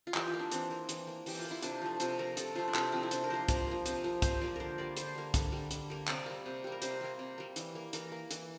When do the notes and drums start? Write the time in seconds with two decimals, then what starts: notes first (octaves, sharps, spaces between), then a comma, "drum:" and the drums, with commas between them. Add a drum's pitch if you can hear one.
0.07 F4
0.14 E3 G4, drum: clap
0.28 F4
0.33 A#3
0.39 D4
0.52 E3 C4, drum: hi-hat
0.71 A#3
0.89 E3, drum: hi-hat
1.07 A#3
1.26 E3 G4, drum: open hi-hat
1.39 F4
1.45 A#3
1.51 E4
1.62 C3 D4, drum: hi-hat
1.82 F3 A3
2.00 C3 F4, drum: hi-hat
2.19 F3 A3 A#4
2.37 C3 A4, drum: hi-hat
2.55 F3 A3 F4
2.68 D4
2.74 C3 E4, drum: clap
2.92 F3 A3 C4
3.03 E4
3.11 C3 D4, drum: hi-hat
3.24 A#4
3.30 F3 A#3 C5
3.48 C3 A#4, drum: kick, hi-hat
3.67 F3 A#3
3.86 C3, drum: hi-hat
4.04 F3 A#3
4.22 C3 C5, drum: kick, hi-hat
4.41 F3 A#3 D5
4.56 D3 A#4 C5
4.78 G3 A#3 D5
4.97 D3 C5, drum: hi-hat
5.15 G3 A#3
5.34 D3, drum: kick, hi-hat
5.52 G3 A#3
5.71 D3, drum: hi-hat
5.90 G3 A#3
6.08 C3 D5, drum: clap
6.26 G3 A#3
6.46 C3
6.64 G3 A#3
6.72 A#4
6.82 C3 C5, drum: hi-hat
7.01 G3 A#3
7.19 C3
7.38 G3 A#3
7.56 E3, drum: hi-hat
7.75 A#3
7.93 E3 A#4, drum: hi-hat
8.12 A#3
8.31 E3, drum: hi-hat